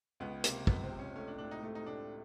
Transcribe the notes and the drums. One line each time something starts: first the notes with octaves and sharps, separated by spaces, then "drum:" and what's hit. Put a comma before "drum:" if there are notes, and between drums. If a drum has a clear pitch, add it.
C#2 B3
C3 A#3, drum: hi-hat
C#2 B3, drum: kick
C4
C3
C#4
A3 C#4
D4
A2 D4
D#4
A3
D#4
A2 D4